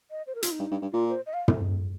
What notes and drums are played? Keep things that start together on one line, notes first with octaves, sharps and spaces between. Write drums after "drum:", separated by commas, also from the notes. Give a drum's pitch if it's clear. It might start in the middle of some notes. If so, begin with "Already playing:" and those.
D#5
C5
A#4
F4, drum: hi-hat
D#4
G2
G2
G2
A#2 F4
C5
D#5
F5
drum: tom